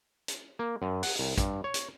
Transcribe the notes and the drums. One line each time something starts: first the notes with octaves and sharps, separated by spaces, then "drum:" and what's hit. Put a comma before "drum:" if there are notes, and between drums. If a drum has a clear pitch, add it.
drum: hi-hat
A#3
F#2
F#5, drum: open hi-hat
C2
G2, drum: kick, hi-hat
C#5
drum: hi-hat